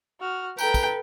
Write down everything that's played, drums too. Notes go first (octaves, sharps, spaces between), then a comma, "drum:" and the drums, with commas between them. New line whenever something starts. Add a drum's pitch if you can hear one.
F#4 F6
A4 B4 G5 A#5, drum: tambourine
drum: kick, tambourine